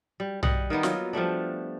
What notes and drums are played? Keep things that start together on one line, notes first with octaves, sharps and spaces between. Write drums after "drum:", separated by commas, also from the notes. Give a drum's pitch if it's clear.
G3
G3 D#5 F#5, drum: tom
D#3 A#3 B3 D#4
F#3 F4, drum: snare
F3 G3 A3 D4